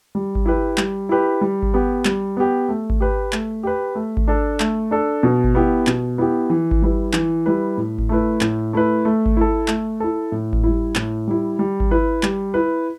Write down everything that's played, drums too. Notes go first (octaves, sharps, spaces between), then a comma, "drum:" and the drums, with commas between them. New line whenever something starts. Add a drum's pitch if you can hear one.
G3
drum: kick G#1
E4 G4 B4
G3, drum: clap
E4 G4 B4
G3
drum: kick G#1
B3 G4
G3, drum: clap
B3 G4
A3
drum: kick G#1
G4 B4
A3, drum: clap
G4 B4
A3
drum: kick G#1
D4 A4
A3, drum: clap
D4 A4
B2
drum: kick G#1
B3 E4 G4
B2, drum: clap
B3 E4 G4
E3
drum: kick G#1
G3 E4 B4
E3, drum: clap
G3 E4 B4
A2
drum: kick G#1
A3 E4 B4
A2, drum: clap
A3 E4 B4
A3
drum: kick G#1
E4 A4
A3, drum: clap
E4 A4
A2
drum: kick G#1
G3 E4
A2, drum: clap
G3 E4
G3
drum: kick G#1
E4 B4
G3, drum: clap
E4 B4